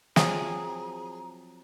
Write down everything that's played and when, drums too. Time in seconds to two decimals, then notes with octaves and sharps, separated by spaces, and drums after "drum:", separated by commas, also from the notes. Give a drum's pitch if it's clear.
0.16 F3 F#3 C4 G#4 A#5, drum: snare